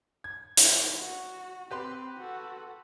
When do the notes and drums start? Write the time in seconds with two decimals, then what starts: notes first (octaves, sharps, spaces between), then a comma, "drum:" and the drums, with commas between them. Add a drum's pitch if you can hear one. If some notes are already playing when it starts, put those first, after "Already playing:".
0.24 G#6
0.57 drum: hi-hat
0.98 F#4
1.71 C4 G4 B4 C6
2.19 F#4 A4